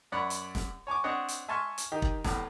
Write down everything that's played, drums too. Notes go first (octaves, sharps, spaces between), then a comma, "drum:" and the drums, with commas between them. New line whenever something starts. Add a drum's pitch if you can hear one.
F#2 C#5 D5 F#5 B5
drum: hi-hat
drum: snare
C#5 G#5 C#6 D6
C4 D4 C#5 D#5 F#5
drum: hi-hat
E5 G#5 A5 C6 C#6 F6
drum: hi-hat
D#3 D#4 G4
drum: kick
A1 E2 A2, drum: snare